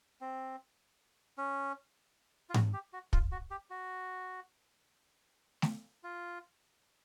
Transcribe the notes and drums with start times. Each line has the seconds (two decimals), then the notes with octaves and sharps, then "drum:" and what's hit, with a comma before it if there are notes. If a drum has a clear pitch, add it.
0.21 C4
1.38 C#4
2.49 F4
2.54 F#4, drum: tom G#2
2.73 G4
2.93 F#4
3.13 F4, drum: kick
3.32 F#4
3.51 G4
3.70 F#4
5.62 drum: snare A3
6.04 F4